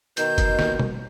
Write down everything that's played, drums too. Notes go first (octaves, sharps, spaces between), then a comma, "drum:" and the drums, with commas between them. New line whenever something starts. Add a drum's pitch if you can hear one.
B2 D#3 G6, drum: hi-hat
drum: kick F#1, hi-hat
drum: snare
drum: tom